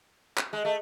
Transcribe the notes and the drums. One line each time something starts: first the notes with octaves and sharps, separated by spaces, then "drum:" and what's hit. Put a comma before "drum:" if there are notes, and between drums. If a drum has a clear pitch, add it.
drum: clap
G#3
A3